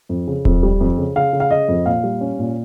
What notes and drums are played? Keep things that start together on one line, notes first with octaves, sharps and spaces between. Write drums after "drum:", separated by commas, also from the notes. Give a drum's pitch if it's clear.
F2
C#3
F2, drum: kick D#1
G3
F2
C#3
C#3 F5
C#3
F5
C#3 D#5
F2
A#2 F5
G3
C#4
A#2